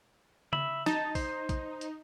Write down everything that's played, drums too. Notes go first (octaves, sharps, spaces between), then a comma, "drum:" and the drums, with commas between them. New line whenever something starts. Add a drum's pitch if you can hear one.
E5 B5, drum: tom C#3
D#4 A5, drum: snare
C5, drum: kick A#1, open hi-hat
drum: kick A#1, hi-hat
drum: hi-hat